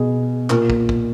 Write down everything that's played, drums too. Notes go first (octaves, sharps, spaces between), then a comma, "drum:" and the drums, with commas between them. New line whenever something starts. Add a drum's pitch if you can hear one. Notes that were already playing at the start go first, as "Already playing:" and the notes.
Already playing: B2 G#4
A#2 A#4, drum: clap
drum: kick
drum: kick